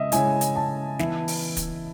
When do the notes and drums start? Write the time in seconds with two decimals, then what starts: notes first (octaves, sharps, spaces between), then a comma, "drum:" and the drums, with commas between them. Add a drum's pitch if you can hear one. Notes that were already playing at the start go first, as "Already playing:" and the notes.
Already playing: C#3 G#3 D#5 E5
0.12 C#3 G#3 C#4 E4 G#5, drum: hi-hat
0.41 drum: hi-hat
0.56 A5
0.99 E3 B3 E4, drum: snare
1.28 drum: open hi-hat
1.57 drum: kick, hi-hat